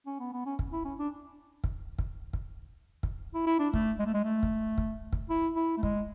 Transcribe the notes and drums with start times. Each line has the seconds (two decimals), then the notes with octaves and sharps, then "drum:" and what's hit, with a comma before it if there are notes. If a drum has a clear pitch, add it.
0.06 C#4
0.20 B3
0.33 B3
0.46 C#4
0.59 drum: kick
0.73 E4
0.85 C#4
0.99 D4
1.64 drum: kick
1.99 drum: kick
2.33 drum: kick
3.03 drum: kick
3.34 E4
3.46 E4
3.59 D4
3.74 A3, drum: kick
3.99 G#3
4.06 A3
4.14 G#3
4.25 A3
4.43 drum: kick
4.78 drum: kick
5.13 drum: kick
5.30 E4
5.56 E4
5.78 A3
5.83 G#3, drum: kick